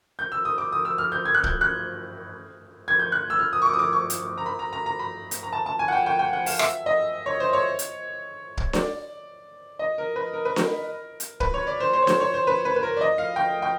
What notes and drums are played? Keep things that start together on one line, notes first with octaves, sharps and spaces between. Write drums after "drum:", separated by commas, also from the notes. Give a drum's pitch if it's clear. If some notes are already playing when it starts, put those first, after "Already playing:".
G6
E6
D#6
D6
D#6
E6
F6
G6
G#6
F#6
G6, drum: kick
F#6
G#6
G6
F#6
E6
F6
D#6
C#6
D6
D#6
D6
C#6
drum: hi-hat
A#5
B5
A#5
A#5
A#5
B5
drum: hi-hat
A#5
A5
A5
G#5
F#5
G5
G5
G5
F#5
F5, drum: open hi-hat
E5, drum: rim click
D#5
C#5
C5
C#5
drum: hi-hat
drum: kick
D5, drum: snare D4
D#5
A#4
B4
A#4
B4
A#4, drum: snare D4
drum: hi-hat
B4, drum: kick
C#5
D5
C5
C5
C#5
C5, drum: snare D4
C#5
C5
B4
B4
B4
A#4
D5
D#5
F5
G5
G5